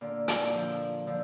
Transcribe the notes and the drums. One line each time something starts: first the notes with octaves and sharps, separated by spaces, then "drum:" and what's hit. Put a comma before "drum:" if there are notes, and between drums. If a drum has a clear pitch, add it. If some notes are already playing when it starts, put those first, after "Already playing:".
A#2 D3
A#2 D3, drum: hi-hat
D3 F3
D3 F3